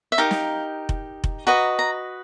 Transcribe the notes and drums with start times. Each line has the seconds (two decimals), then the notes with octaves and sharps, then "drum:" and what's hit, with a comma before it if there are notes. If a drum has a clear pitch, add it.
0.12 E5
0.18 D#4 G4 A#4 F5
0.31 drum: snare
0.89 drum: kick F1
1.24 drum: kick F1
1.47 F#4 B4 D#5 A#5
1.79 A#5